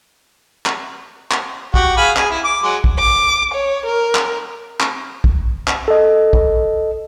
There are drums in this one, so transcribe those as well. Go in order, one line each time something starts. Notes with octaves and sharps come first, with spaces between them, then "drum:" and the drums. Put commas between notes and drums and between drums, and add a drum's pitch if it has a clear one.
drum: clap
drum: clap
F#4 G4, drum: kick
G#4 F5 B5
G#4, drum: clap
E4
D6
F#3 G#3
drum: kick
D6
C#5
A#4
drum: clap
drum: clap
drum: kick
drum: clap
A4 D#5
drum: kick